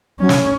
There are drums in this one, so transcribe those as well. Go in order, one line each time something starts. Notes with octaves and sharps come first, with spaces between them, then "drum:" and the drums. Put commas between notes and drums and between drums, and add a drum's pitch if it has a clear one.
F#3 C#4
drum: snare